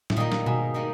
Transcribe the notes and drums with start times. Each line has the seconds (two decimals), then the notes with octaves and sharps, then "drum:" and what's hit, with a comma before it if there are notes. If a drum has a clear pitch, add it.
0.10 A2, drum: snare
0.17 A#2 D#3 G3 A#3 D#4
0.32 drum: snare
0.46 G#2 B2
0.74 D#3 G3 A#3 D#4